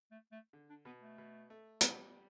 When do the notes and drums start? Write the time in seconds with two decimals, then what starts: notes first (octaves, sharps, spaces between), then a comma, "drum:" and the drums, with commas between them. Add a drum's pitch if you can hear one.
0.11 A3
0.32 A3
0.53 D3
0.70 D4
0.85 B2 B3
1.02 A3
1.18 B2
1.50 A3
1.81 G3, drum: hi-hat